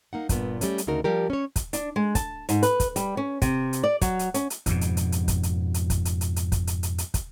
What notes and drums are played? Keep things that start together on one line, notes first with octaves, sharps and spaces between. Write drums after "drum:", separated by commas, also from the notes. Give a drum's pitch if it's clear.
A#3 D#4 F#5
G2 A#2 B3, drum: kick, hi-hat
G3 A3 C#4, drum: hi-hat
drum: hi-hat
D2 C#3 D#4 F#4 A#4
F3 G3 G4 A#4
C#4 C#5
drum: kick, hi-hat
D4, drum: hi-hat
G#3
A5, drum: kick, hi-hat
G#2, drum: hi-hat
B4, drum: hi-hat
drum: kick, hi-hat
G3, drum: hi-hat
C#4
C3, drum: kick, hi-hat
drum: hi-hat
D5
F#3, drum: kick, hi-hat
drum: hi-hat
C#4, drum: hi-hat
drum: hi-hat
F2 G#2 B2, drum: kick, hi-hat
drum: hi-hat
drum: hi-hat
drum: hi-hat
drum: kick, hi-hat
drum: hi-hat
drum: hi-hat
drum: kick, hi-hat
drum: hi-hat
drum: hi-hat
drum: hi-hat
drum: kick, hi-hat
drum: hi-hat
drum: hi-hat
drum: hi-hat
drum: kick, hi-hat